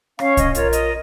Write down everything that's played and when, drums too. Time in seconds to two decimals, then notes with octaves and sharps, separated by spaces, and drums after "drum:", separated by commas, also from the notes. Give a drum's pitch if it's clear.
0.19 C#4 C#5 F5, drum: rim click
0.37 D#5, drum: kick, hi-hat
0.55 F4 A#4 C#5, drum: hi-hat
0.73 D#5, drum: hi-hat